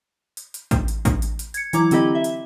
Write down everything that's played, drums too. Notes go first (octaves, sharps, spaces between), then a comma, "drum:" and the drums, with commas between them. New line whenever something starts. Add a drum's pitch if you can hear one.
drum: hi-hat
drum: hi-hat
drum: kick A1, hi-hat
drum: hi-hat
drum: kick A1, hi-hat
drum: hi-hat
drum: hi-hat
G#6 C#7, drum: hi-hat
E3 F#3 E4 A#5 D6, drum: hi-hat
D3 C4 E4 G4 D#5 B5, drum: hi-hat
E5
drum: hi-hat